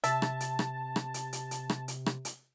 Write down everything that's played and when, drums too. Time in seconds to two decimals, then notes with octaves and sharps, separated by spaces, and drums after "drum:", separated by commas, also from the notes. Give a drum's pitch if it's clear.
0.04 C3 E5 A5, drum: hi-hat
0.22 drum: rim click
0.40 drum: hi-hat
0.59 drum: rim click
0.96 drum: rim click
1.14 drum: hi-hat
1.33 drum: hi-hat
1.51 drum: hi-hat
1.69 drum: rim click
1.88 drum: hi-hat
2.06 drum: rim click
2.25 drum: hi-hat